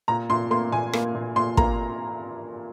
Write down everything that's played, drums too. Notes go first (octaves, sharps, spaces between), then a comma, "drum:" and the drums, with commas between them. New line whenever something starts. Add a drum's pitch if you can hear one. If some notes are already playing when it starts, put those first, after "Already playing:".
A#2 A#5
A#2 C6
A#3 C6
A#2 G#5
A#3, drum: rim click
A#2
A#2 C6
A#3 A#5, drum: kick